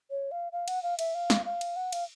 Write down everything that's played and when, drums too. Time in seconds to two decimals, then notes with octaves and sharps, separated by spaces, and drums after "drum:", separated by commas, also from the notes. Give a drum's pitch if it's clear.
0.10 C#5
0.31 F5
0.52 F5
0.68 F#5, drum: cymbal
0.83 F5
0.99 E5, drum: cymbal
1.15 F5
1.30 drum: snare
1.45 F5
1.61 drum: cymbal
1.76 F#5
1.92 F5, drum: cymbal